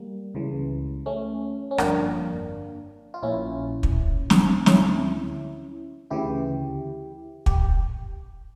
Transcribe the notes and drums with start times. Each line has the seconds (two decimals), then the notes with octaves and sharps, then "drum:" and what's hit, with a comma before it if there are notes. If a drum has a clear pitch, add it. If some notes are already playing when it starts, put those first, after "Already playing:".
Already playing: G3 A#3
0.35 C#2 C#3 E3
1.06 A3 C#4
1.71 C#4
1.78 G1 F2 D3 A#3 D4, drum: rim click
3.14 F4
3.22 A#1 A#2 C#4 E4
3.83 drum: kick
4.30 drum: snare
4.66 D2 D3 C#4 E4, drum: snare
6.10 D2 C#3 E3 E4 G4
7.46 G4, drum: kick